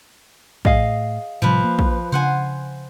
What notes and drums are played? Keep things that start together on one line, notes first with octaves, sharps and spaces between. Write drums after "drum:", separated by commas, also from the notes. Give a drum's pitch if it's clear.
A2 G#4 D#5 F5, drum: kick
A2 C3 F3 G3 B4
A#3
drum: kick
C#3 D4 C5 F#5 G#5